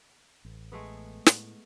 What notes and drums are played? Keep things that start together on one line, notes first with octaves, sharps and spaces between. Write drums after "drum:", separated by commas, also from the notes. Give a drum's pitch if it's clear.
A1
G#3 A3 B3
A2, drum: snare